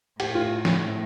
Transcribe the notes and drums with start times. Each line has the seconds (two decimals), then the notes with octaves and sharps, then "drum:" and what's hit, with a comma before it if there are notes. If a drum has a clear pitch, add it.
0.20 A2 G4, drum: cymbal
0.35 F4
0.65 drum: snare